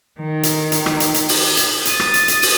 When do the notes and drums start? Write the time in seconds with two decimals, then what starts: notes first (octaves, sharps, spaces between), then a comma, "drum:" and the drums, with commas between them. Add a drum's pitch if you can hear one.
0.19 D#3
0.43 drum: hi-hat
0.72 drum: hi-hat
0.86 drum: rim click
1.00 drum: hi-hat
1.14 drum: hi-hat
1.29 drum: open hi-hat
1.57 drum: hi-hat
1.85 D#6 A6, drum: hi-hat
2.00 drum: rim click
2.14 drum: hi-hat
2.28 drum: hi-hat
2.42 drum: open hi-hat